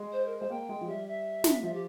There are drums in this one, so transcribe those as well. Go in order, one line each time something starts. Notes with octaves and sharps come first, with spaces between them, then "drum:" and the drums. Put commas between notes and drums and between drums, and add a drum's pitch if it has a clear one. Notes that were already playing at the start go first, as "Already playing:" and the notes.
Already playing: G#3
C5
A#4
G#3 C5
A#3 G5
G#3
F3
G3 E5
E5
drum: snare
F3 E5
G4